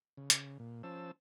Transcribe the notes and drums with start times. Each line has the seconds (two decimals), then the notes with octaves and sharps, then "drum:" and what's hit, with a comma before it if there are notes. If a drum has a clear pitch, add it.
0.17 C#3
0.30 drum: hi-hat
0.60 A#2
0.83 F3 C#4 C5 A5 E6